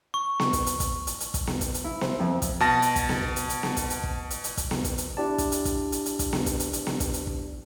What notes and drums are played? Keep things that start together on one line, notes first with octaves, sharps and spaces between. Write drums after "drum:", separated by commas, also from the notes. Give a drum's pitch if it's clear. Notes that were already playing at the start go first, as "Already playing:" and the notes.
C#6
drum: snare B3
drum: kick, hi-hat
drum: hi-hat
drum: kick, hi-hat
drum: hi-hat
drum: hi-hat
drum: kick, hi-hat
drum: snare B3
drum: kick, hi-hat
drum: hi-hat
E4
C5, drum: snare B3
F2
drum: kick, hi-hat
B2 A5 A#6
drum: hi-hat
drum: kick, hi-hat
drum: snare B3
drum: kick
drum: hi-hat
drum: hi-hat
drum: snare B3
drum: kick, hi-hat
drum: hi-hat
drum: kick
drum: hi-hat
drum: hi-hat
drum: kick, hi-hat
drum: snare B3
drum: kick, hi-hat
drum: hi-hat
D4 E4 G4 D5 A5
drum: kick, hi-hat
drum: hi-hat
drum: kick, hi-hat
drum: hi-hat
drum: hi-hat
drum: kick, hi-hat
drum: snare B3
drum: kick, hi-hat
drum: hi-hat
drum: hi-hat
drum: snare B3
drum: kick, hi-hat
drum: hi-hat
drum: kick